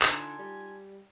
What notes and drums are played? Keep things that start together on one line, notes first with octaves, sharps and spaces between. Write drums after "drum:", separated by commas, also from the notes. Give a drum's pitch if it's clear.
D3 D#4 F4 G#5 A5, drum: clap
G3